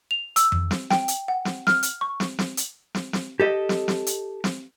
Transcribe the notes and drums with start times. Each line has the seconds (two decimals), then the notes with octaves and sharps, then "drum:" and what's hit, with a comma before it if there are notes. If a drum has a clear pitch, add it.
0.11 F7
0.36 E6, drum: hi-hat
0.52 drum: tom F2
0.71 drum: snare
0.90 G5, drum: snare
1.08 drum: hi-hat
1.28 F#5
1.45 drum: snare
1.67 F6, drum: snare
1.83 drum: hi-hat
2.01 C#6
2.20 drum: snare
2.39 drum: snare
2.57 drum: hi-hat
2.95 drum: snare
3.13 drum: snare
3.40 G4 A4 D#5
3.69 drum: snare
3.88 drum: snare
4.06 drum: hi-hat
4.44 drum: snare